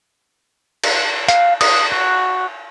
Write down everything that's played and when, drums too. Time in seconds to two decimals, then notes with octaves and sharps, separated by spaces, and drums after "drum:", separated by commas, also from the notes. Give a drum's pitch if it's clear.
0.84 drum: cymbal
1.28 F5, drum: hi-hat
1.61 D#6, drum: cymbal
1.92 F#4